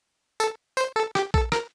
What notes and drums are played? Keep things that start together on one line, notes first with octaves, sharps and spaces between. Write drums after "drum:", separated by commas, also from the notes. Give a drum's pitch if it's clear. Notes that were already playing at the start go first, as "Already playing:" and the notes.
A4, drum: tambourine
C5, drum: tambourine
A4
G4, drum: rim click
A4, drum: kick A#1
A#4, drum: rim click